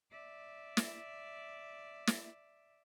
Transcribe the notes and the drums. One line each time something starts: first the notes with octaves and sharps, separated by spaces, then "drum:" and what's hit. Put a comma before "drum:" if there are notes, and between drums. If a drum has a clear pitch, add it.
D5 E5
drum: snare
drum: snare